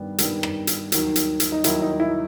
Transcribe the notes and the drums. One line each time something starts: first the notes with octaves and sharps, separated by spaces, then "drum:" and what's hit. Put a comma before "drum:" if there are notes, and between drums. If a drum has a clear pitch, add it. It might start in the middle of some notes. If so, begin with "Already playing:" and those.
Already playing: G2 D#3 G3 B3
G2 D#3 G3 B3, drum: hi-hat
drum: rim click
drum: hi-hat
D#2 D#3 F#3, drum: hi-hat
drum: hi-hat
drum: hi-hat
D#4
D#2 D#3 F#3 E4, drum: hi-hat
D#4
E4